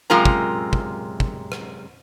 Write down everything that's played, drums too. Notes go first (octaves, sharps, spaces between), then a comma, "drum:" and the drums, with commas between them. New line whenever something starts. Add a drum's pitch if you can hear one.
F#2 C3 G#3 F4 A#4 A#5
drum: kick
drum: kick
drum: kick
drum: rim click